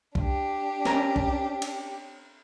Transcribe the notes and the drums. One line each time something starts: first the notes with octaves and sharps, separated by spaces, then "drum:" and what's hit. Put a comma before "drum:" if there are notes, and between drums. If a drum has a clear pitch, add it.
D4 G4, drum: kick B1
C4 C#4 A#4, drum: snare
drum: kick B1
drum: cymbal